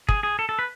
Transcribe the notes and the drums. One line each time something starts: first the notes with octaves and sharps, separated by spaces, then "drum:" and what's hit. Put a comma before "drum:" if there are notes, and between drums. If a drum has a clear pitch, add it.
G#4, drum: kick
G#4
A4
A4
B4